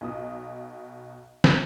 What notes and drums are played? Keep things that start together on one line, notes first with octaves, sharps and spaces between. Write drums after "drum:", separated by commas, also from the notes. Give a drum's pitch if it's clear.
B1 B2 D#6
drum: snare